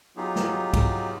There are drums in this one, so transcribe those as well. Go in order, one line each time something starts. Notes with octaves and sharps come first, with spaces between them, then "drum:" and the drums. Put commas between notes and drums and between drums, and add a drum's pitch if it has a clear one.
F#3 B3 D#4 F4 G4 G#4
drum: snare
drum: kick, cymbal